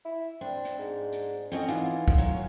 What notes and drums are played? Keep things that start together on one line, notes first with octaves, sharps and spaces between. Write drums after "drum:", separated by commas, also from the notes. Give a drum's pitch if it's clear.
E4
C4 D4
drum: hi-hat
G#2
drum: hi-hat
F2 C4 C#4 D#5
E3 D#4 F4 F#5 G#5
drum: kick, hi-hat
F#3 C#5